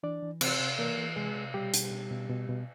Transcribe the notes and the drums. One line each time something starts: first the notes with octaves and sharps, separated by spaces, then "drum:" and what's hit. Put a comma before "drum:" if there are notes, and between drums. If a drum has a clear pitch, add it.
E3 D4 D5
E3
C3 C4 C5, drum: cymbal
C3
E3 A#3 A#4
E3
C3 G#3 G#4
C3
B2 G3 G4
B2, drum: hi-hat
B2
B2
B2
B2